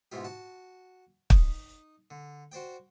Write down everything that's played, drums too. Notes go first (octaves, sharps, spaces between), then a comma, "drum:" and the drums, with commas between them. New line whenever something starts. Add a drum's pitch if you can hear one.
G#2 B2 E4 F4 G4
F#4 A5
D#4, drum: kick
D3
F#4 C5 D5 G5